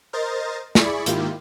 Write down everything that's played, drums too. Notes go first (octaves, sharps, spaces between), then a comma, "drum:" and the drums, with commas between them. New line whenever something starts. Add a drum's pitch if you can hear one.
A#4 C5 D#5 A6
E4 G#4 D5 B5 C#6, drum: snare
G#2 D#3 A#3 E4 F4 G4, drum: hi-hat